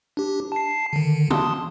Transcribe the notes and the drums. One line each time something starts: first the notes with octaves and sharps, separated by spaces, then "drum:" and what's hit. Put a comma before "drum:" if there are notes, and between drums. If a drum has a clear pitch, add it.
D4 G4
A5 C7
D3 D#3
A5 C6 D#6, drum: tom